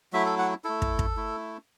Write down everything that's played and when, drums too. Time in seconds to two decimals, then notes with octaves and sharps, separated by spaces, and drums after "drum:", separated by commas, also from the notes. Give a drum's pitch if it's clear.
0.13 F#3 A3 E4 E5
0.26 A4
0.38 F#5
0.64 A3 E4 A4
0.82 drum: kick
0.99 drum: kick
1.17 A3 E4